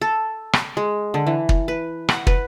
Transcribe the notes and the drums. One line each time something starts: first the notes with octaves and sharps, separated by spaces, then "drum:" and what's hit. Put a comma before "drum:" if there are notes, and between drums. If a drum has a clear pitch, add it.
A4
drum: rim click
G#3
D3
E3
drum: kick
B4
F#5, drum: rim click
B4, drum: kick